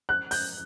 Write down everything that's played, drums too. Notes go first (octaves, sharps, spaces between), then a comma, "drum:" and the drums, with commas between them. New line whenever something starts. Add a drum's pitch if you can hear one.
F#6
G6, drum: open hi-hat